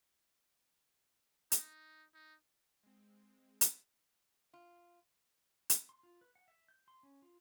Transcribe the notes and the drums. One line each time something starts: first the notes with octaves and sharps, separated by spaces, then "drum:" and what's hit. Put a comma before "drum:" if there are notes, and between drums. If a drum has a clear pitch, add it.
D#4, drum: hi-hat
D#4
G#3 C4
drum: hi-hat
F4
drum: hi-hat
C6
F4
B4
F#5
E5
G6
C6
C#4
F4